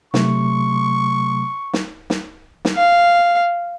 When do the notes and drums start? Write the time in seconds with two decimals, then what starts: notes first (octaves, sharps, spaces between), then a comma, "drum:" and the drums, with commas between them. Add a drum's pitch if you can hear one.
0.14 C3 F#3 A3 C#6, drum: snare
1.73 drum: snare
2.10 drum: snare
2.65 drum: snare
2.75 F5